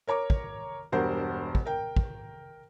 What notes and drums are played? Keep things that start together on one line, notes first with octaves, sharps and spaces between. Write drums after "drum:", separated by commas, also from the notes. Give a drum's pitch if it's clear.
A#4 C#5 A#5 D6
drum: kick
E1 G2 A#4 C5 F#5
drum: kick
A#4 G5
drum: kick